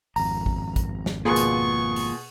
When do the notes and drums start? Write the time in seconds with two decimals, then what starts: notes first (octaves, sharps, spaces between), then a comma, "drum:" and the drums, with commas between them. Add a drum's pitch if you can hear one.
0.16 G#1 F2 A#5, drum: open hi-hat
0.46 drum: kick A1
0.76 drum: kick A1, hi-hat
1.06 drum: snare
1.25 B2 A#3 F4 G#4 C#6
1.36 drum: hi-hat
1.96 drum: open hi-hat